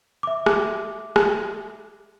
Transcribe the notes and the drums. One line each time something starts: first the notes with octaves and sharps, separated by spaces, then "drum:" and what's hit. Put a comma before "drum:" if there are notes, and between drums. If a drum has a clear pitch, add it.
E5 D6
drum: rim click
drum: rim click